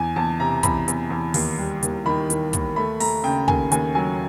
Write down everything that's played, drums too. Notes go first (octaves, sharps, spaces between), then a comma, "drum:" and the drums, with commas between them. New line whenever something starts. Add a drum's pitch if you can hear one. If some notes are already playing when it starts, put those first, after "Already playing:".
Already playing: E2 G#5
E2 A5
C3 A#5
E2 B5, drum: kick, hi-hat
E2, drum: hi-hat
E2
D#2, drum: open hi-hat
G3
D#2, drum: hi-hat
D#3 B5
D#3, drum: hi-hat
D#2, drum: kick, hi-hat
A3 B5
A3 A#5, drum: open hi-hat
C#3 G5
D#2 G#5, drum: kick
D#2 G#5, drum: hi-hat
F#3 G#5